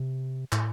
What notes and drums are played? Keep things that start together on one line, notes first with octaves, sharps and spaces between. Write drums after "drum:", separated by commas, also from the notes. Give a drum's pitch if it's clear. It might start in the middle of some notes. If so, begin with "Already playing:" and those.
Already playing: C3
A2, drum: clap